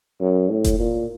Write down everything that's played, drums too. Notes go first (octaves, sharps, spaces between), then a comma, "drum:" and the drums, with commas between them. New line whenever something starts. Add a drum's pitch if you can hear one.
F#2
A2
drum: kick F1, hi-hat
A#2